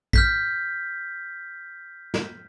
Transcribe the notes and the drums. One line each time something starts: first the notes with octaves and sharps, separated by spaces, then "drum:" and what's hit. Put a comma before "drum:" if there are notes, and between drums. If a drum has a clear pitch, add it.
F6 G6 B6, drum: kick
drum: snare